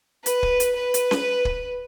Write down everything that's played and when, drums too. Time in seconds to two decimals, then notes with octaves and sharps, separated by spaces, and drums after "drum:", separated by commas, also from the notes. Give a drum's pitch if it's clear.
0.26 B4, drum: hi-hat
0.43 drum: kick
0.60 drum: hi-hat
0.77 B4
0.94 drum: hi-hat
1.11 drum: snare C#4
1.45 drum: kick